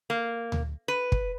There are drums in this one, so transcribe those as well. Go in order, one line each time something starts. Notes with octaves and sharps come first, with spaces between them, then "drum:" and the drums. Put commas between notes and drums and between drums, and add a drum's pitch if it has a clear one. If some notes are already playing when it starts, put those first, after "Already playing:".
A#3
drum: tom D2
B4
drum: kick